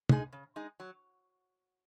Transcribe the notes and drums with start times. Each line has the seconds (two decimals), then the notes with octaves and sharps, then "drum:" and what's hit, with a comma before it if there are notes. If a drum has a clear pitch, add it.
0.09 G#3 D#4 G#4, drum: tom
0.33 C#3
0.56 G#3 D#4 G#4
0.80 F#3